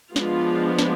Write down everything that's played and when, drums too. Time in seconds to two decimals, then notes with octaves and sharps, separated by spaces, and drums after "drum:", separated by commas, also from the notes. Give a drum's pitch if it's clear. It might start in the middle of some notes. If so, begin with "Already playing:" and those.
0.16 F3 G#3 B3 D4 F4, drum: snare
0.79 drum: snare